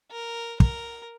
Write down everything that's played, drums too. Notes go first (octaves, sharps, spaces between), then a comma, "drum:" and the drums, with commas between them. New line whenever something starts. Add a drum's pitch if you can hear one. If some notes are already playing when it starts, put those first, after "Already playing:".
A#4
A#4, drum: kick